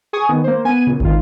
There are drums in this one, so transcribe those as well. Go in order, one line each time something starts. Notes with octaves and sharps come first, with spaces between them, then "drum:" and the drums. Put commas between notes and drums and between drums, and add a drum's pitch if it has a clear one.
G#4 G#5 C#6 D#6
D#3 B3
A#3 C5
B3 G#5 D#7
A#2 C#3
G#2 D#3 F4, drum: kick